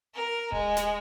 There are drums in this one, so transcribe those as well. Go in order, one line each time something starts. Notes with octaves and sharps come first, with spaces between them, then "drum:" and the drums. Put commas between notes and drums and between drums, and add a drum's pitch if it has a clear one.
A#4
G#3, drum: kick D#1
drum: snare